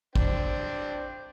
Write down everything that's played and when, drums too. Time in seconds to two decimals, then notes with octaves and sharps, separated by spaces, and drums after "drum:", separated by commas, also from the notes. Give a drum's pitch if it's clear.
0.15 D4 C5 G5, drum: kick